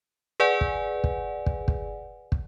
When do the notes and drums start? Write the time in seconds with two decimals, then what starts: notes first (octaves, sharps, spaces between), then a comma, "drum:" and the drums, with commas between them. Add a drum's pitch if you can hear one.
0.40 G#4 B4 D5 F#5 G#5
0.61 drum: kick
1.04 drum: kick
1.46 drum: kick
1.68 drum: kick
2.32 drum: kick